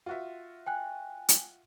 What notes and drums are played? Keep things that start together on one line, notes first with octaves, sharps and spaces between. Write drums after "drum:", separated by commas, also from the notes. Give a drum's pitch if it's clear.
F4 F#4 E5
G5 G#5 F#6
drum: hi-hat